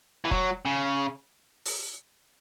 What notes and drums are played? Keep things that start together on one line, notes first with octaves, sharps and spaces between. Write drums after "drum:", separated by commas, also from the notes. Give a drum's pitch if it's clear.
E3
F#3, drum: kick F1
C#3
drum: open hi-hat